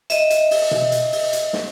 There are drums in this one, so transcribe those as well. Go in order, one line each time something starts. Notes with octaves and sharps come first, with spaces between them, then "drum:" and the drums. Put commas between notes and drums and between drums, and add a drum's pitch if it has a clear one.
D#5 E5, drum: hi-hat
drum: hi-hat
drum: open hi-hat
drum: tom B2
drum: hi-hat
drum: open hi-hat
drum: hi-hat
drum: snare